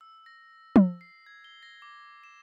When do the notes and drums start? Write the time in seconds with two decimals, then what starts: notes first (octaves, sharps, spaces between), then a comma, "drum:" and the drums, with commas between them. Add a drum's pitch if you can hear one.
0.01 E6
0.26 A#6
0.76 drum: tom
1.01 C7
1.26 G#6
1.44 G7
1.63 A#6
1.82 D6
2.24 E7